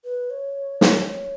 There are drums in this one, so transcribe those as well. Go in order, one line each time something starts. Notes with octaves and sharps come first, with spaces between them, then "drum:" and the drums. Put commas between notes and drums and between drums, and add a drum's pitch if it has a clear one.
B4
C#5
drum: snare
C#5